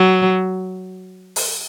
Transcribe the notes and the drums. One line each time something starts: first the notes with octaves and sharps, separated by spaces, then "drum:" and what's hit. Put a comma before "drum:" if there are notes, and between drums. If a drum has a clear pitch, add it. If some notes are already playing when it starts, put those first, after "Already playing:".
Already playing: F#3
drum: open hi-hat